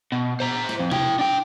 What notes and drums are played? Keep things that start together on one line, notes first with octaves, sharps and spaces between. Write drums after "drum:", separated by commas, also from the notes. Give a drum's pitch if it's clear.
B2
C5 A#5
drum: snare
F2
E4 G5, drum: tom C3
D4 G5